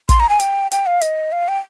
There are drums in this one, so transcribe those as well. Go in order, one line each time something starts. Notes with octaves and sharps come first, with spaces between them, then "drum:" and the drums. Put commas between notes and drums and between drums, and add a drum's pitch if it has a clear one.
C6, drum: kick, hi-hat
A#5
G#5
G5, drum: hi-hat
G5, drum: hi-hat
F5
D#5, drum: hi-hat
F5
G5